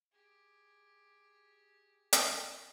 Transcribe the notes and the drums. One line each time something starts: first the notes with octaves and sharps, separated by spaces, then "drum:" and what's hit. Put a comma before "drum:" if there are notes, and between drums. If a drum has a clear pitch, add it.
G4 G#4
drum: hi-hat